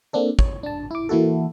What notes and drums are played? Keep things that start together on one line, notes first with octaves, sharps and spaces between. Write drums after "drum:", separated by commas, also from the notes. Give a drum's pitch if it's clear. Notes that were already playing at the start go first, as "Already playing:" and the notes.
A#3 C4 D4 A4
C#5, drum: kick
D4 A5
E4 D6
E3 A#3 E4 F#4 A4